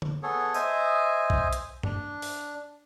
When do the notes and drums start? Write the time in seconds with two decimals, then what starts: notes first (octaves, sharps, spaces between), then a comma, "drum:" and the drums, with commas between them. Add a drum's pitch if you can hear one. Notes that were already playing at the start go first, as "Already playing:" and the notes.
0.02 drum: tom
0.23 B3 G#4 A4 C#5
0.54 C5 D#5 E5 G#5, drum: tambourine
1.30 drum: kick B1
1.53 drum: hi-hat
1.83 D4, drum: tom G2
2.22 drum: open hi-hat